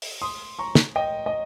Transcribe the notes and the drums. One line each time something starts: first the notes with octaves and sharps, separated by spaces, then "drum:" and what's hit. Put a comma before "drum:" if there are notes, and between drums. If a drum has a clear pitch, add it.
drum: open hi-hat
C6 D#6
A#5 C#6
drum: snare
D#5 G5
D#5